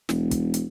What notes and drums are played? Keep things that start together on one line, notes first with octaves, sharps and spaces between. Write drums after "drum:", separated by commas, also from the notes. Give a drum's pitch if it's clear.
E1, drum: snare
drum: kick, hi-hat
drum: hi-hat